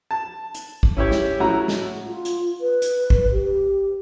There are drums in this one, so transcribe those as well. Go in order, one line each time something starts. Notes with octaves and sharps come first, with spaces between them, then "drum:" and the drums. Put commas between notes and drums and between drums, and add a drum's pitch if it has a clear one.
A5
drum: hi-hat
drum: kick
C#4 E4 G4 C#5
drum: snare
A2 F#3 C#4 E4 F#4 A#5
drum: snare
F4
drum: hi-hat
B4
drum: hi-hat
drum: kick
G4